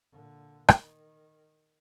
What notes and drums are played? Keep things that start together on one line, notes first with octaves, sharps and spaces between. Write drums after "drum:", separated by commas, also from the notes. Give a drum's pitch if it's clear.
A#2 D3
D#3, drum: rim click